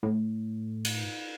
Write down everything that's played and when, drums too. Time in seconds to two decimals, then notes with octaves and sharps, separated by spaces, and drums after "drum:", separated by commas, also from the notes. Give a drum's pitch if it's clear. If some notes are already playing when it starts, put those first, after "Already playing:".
0.03 A2
0.85 drum: cymbal